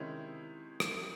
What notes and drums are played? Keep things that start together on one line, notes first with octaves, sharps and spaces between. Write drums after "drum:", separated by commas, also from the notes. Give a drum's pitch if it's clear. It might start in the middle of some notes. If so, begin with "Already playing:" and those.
Already playing: C3 D#3 G#3 C#4 E4
drum: rim click